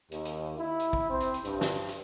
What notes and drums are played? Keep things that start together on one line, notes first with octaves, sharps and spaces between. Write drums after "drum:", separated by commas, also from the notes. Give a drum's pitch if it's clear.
D#2, drum: hi-hat
drum: hi-hat
E4
drum: hi-hat
drum: kick
C4
drum: hi-hat
drum: hi-hat
G2, drum: hi-hat
drum: snare
drum: hi-hat
drum: hi-hat